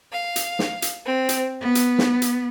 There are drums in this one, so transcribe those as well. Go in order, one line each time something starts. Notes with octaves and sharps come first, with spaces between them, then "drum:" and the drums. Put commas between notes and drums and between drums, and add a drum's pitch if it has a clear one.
F5
drum: hi-hat
drum: snare
drum: hi-hat
C4
drum: hi-hat
B3
drum: hi-hat
drum: snare
drum: hi-hat